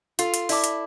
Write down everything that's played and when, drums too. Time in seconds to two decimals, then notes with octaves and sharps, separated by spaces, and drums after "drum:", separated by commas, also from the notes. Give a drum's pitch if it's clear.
0.19 F4 A4, drum: hi-hat
0.34 drum: hi-hat
0.49 E4 D5 A5 D6, drum: open hi-hat
0.64 drum: hi-hat